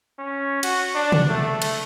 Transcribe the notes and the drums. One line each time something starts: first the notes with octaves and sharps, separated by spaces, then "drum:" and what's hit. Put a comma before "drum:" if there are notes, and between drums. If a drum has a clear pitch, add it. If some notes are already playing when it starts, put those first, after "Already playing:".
C#4
F#4, drum: cymbal
D4
drum: tom
A3
drum: cymbal